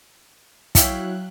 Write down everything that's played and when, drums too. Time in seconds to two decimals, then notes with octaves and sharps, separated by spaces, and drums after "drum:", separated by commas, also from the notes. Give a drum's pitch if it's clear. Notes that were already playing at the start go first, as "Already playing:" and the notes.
0.75 F#3 E4 C#5 E5 F5 G5 F#6, drum: kick, hi-hat